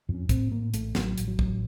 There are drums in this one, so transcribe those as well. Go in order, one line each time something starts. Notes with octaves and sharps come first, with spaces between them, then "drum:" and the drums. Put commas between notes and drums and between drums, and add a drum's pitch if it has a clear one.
F2
C#4
A2 C4, drum: kick, hi-hat
A2 A#3
A1 A3, drum: hi-hat
A1 F#3, drum: snare
A1, drum: hi-hat
F#3
A1, drum: kick